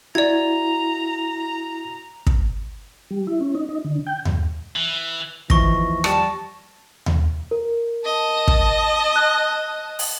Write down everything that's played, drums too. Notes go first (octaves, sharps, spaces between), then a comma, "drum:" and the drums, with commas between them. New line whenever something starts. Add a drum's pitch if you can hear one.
E4 F#4 D5 A#5 G#6
drum: kick
G3
E4
C#4
D#4
D#4
D3
G5
G2, drum: tom D#2
E3
D#2 E3 F3 C#6 A#6, drum: kick
G3 A5, drum: rim click
drum: tom D#2
A#4
D#5 A5
drum: kick
F#6
drum: open hi-hat